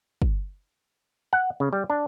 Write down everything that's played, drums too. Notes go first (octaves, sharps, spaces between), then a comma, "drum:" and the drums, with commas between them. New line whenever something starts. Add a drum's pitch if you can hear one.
drum: kick
F#5
C#3
G3
D4